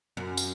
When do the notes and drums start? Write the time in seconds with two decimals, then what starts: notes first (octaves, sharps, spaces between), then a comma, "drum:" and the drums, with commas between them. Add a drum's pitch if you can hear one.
0.17 F#2
0.37 drum: tambourine